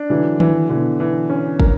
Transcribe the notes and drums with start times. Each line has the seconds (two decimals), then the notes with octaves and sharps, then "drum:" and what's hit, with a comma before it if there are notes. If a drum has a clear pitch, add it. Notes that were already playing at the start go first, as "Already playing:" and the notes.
Already playing: D4
0.10 D3 E3 F#3
0.40 E3, drum: tom D#3
0.69 B2 D3 E3
1.00 E3
1.30 C#4
1.60 A#4, drum: kick